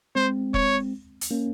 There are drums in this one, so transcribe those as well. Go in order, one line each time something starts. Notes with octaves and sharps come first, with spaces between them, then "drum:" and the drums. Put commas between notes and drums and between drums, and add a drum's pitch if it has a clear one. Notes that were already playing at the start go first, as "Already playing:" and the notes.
G#3 C4 C5
C#5, drum: kick E1
drum: hi-hat
A#3 C#4